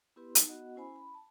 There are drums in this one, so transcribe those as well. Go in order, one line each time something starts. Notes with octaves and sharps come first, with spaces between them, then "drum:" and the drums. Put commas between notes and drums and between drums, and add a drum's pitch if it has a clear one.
B3 E4 G4 B4 C6
D#4, drum: hi-hat
B3 F#4 D#5 F#5
C#4 E4 C5 G#5 B5
B5
A5